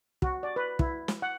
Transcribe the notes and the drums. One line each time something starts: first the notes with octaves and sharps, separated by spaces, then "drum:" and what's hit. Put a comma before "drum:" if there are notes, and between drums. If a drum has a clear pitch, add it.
F#4, drum: kick
D5
B4
E4, drum: kick
drum: snare
F#5